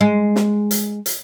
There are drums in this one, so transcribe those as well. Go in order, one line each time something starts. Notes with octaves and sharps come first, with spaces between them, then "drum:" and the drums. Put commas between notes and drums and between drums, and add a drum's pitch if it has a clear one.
G#3
drum: snare
drum: hi-hat
drum: hi-hat